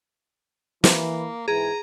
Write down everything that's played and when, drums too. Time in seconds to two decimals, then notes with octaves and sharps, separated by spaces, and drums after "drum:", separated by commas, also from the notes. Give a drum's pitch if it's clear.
0.84 E3 A#3, drum: snare
1.48 G#2 E3 G#4 A#5